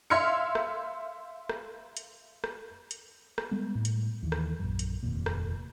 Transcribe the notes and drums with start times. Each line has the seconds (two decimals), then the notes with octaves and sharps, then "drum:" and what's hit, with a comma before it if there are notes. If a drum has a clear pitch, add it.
0.10 E5 F5 C6 F6 G#6 C#7
0.55 drum: rim click
1.49 drum: rim click
1.97 drum: hi-hat
2.44 drum: rim click
2.91 drum: hi-hat
3.38 drum: rim click
3.51 G3 G#3 B3
3.75 A2
3.85 drum: hi-hat
4.23 D#2 E3
4.32 drum: rim click
4.59 A#1 F#2
4.79 drum: hi-hat
5.03 F1 D#2 A#2
5.26 drum: rim click